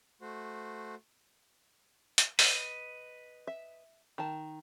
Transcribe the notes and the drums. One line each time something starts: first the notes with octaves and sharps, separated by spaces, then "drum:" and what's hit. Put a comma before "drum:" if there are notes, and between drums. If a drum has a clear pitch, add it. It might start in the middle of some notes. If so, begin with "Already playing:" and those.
A3 F#4 C5
drum: hi-hat
B4 D#5, drum: open hi-hat
E5
D#3 A5